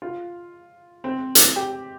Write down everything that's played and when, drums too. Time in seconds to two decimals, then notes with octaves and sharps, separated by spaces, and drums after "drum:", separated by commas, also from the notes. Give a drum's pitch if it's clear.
0.02 F4
1.04 C4
1.35 drum: hi-hat
1.56 G4